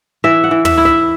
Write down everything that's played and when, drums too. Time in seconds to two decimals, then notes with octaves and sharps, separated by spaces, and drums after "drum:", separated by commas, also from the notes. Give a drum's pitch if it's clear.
0.24 E3 E5
0.44 F#5
0.51 E3
0.65 E5, drum: tom
0.78 E4
0.85 E5